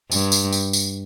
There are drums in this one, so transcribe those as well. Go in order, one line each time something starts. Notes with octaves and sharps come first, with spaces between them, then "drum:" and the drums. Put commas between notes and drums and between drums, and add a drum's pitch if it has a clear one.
G2, drum: tambourine
drum: tambourine
drum: tambourine
drum: tambourine